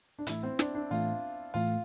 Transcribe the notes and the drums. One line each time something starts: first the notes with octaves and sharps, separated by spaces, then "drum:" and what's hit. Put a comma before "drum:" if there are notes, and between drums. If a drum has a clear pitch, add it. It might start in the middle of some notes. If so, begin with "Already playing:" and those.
D4
A2 E3 A3 E4, drum: hi-hat
C4
D4, drum: snare
D4
A2 E3 A3 F4
A2 E3 A3 F4